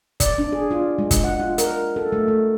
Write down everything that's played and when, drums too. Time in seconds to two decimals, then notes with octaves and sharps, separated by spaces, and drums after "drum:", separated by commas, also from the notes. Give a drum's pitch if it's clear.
0.20 D5, drum: kick F1, hi-hat
0.38 D4
0.52 G#4
0.71 F4
0.98 G#3
1.11 drum: kick F1, hi-hat
1.24 F#5
1.40 F4
1.58 A#4, drum: hi-hat
1.96 A4
2.12 A3
2.28 A3